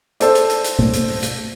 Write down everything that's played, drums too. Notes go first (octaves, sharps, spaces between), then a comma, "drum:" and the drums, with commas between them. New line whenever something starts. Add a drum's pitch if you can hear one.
A4 C5 D5, drum: hi-hat
drum: hi-hat
drum: hi-hat
drum: hi-hat
drum: tom B2
drum: hi-hat
drum: open hi-hat
drum: hi-hat